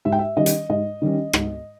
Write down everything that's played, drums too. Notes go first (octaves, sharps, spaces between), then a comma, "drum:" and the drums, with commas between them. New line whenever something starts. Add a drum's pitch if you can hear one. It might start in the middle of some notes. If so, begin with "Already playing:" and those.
G#2 E5
G5
E5
D#3 G3 C#4 D#5
drum: hi-hat
G#2 D#5
D#3 G3 C#4
G#2, drum: rim click